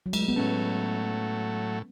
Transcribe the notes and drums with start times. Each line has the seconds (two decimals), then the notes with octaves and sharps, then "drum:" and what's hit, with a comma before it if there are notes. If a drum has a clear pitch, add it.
0.06 F#3
0.13 G#3, drum: cymbal
0.21 A3
0.28 B3
0.36 A2 F#3 A3 C#4